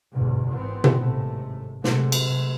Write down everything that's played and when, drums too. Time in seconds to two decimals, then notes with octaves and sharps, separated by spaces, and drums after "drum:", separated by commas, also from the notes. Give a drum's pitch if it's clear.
0.14 G1 E2 G#2 B2
0.53 G#1 E3 B3 C4
0.84 drum: tom B2
1.01 G#1 A2 C3 G#3 A3
1.84 C3 F#3 G#3 A3, drum: snare
2.12 drum: cymbal